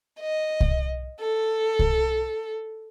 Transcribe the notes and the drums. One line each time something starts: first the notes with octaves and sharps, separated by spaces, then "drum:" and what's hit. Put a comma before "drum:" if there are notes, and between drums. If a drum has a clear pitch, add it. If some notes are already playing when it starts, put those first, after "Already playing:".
D#5
drum: kick C2
A4
drum: kick C2